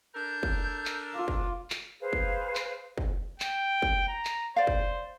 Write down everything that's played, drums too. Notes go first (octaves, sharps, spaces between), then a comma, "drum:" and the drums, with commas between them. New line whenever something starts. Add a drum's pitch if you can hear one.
D4 A4 A#4 G6
drum: kick
drum: clap
F4 D6
drum: kick
drum: clap
G#4 B4 C5 F5
drum: kick
drum: clap
drum: kick
G5, drum: clap
drum: kick
A#5
drum: clap
C5 D5 F5
drum: kick